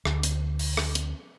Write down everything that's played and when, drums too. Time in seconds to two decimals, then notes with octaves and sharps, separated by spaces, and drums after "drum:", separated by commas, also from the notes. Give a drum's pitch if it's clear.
0.05 D2, drum: rim click
0.23 drum: hi-hat
0.59 drum: open hi-hat
0.77 drum: rim click
0.95 drum: hi-hat